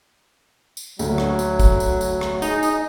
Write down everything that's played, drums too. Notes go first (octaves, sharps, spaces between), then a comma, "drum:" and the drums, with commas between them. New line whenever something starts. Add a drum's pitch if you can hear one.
drum: tambourine
D2 F#3, drum: tambourine
drum: rim click
drum: tambourine
drum: kick, tambourine
drum: tambourine
drum: tambourine
drum: rim click
D#4 G#4, drum: tambourine
drum: tambourine